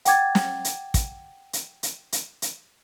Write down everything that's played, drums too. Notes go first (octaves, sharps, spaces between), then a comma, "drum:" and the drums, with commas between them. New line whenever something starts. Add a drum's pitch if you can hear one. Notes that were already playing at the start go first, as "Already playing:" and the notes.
F#5 G5 D6 G#6 A6, drum: hi-hat
drum: snare
drum: hi-hat
drum: kick, hi-hat
drum: hi-hat
drum: hi-hat
drum: hi-hat
drum: hi-hat